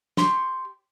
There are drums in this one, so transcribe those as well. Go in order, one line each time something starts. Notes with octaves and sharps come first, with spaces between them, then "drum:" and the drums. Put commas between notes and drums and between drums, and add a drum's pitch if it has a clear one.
G4 C6 C#6, drum: snare